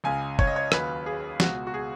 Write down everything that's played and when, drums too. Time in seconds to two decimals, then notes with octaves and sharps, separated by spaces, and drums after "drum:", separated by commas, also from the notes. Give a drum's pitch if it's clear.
0.04 C#2 C#3 G#3 G#5
0.39 C#5, drum: kick G1
0.47 D#5
0.56 C#5
0.72 D#2 C#3 F#3 B4, drum: rim click
1.06 G#4
1.40 C#2 B2 G#3 F#4, drum: snare
1.67 F#4
1.74 G#4